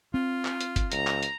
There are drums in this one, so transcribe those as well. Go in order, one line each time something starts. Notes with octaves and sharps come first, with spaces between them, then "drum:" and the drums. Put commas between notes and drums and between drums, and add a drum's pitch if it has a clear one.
C4 F4
drum: clap
drum: hi-hat
drum: kick, hi-hat
C#2 A#5, drum: hi-hat
drum: clap
drum: hi-hat